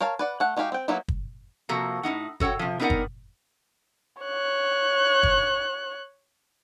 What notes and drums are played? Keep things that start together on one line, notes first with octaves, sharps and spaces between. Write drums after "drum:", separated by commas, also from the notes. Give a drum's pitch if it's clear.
A#4 C#5 F5 A5
B4 D5 F#5
A3 F#5
G#3 D#4 F#4 G4 F5
C4 G5
F#3 A#3 B3 D#4 E4
drum: kick
C3 F3 A#3 F#4 A4 A#5
A2 C#4 D#4 F#5
F#4 A4 C#5 F#5 G5, drum: kick
C3 F3
B3 C4 D#4 A#4 D5 F#5
drum: kick
C#5 F#6
drum: kick